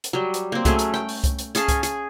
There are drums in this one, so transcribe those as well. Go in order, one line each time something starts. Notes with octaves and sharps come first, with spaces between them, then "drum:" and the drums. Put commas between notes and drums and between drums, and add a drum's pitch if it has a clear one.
drum: hi-hat
F#3 G3
drum: hi-hat
A#3 C4
F#3 A3 C#4 G#4, drum: kick C2, hi-hat
drum: hi-hat
G5, drum: rim click
drum: open hi-hat
drum: kick C2, hi-hat
drum: hi-hat
C#4 G#4 F5 A5, drum: hi-hat
drum: kick C2, hi-hat
G#4, drum: hi-hat